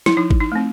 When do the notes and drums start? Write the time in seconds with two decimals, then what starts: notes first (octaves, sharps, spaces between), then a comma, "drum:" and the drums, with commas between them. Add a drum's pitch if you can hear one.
0.06 E4, drum: snare
0.17 F3 D#4
0.31 drum: kick G#1
0.40 D#4
0.52 A3 C4